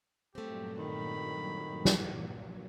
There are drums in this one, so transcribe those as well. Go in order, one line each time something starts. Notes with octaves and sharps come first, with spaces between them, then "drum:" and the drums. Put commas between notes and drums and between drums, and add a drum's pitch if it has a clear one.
G2 A#2 F#3 A3 C4 G4
D#3 B5
drum: snare